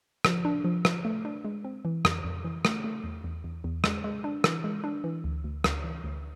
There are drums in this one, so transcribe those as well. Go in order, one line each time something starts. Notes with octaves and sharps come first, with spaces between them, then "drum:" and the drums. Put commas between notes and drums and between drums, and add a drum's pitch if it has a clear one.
F3, drum: rim click
D4
F3
F3, drum: rim click
A3
D4
G#3
C4
E3
F2, drum: rim click
F2
E3
A3, drum: rim click
A3
E2
E2
E2
E2
G#3, drum: rim click
G#3
D4
E3, drum: rim click
G#3
D4
E3
D2
D2
D2, drum: rim click
E3
D2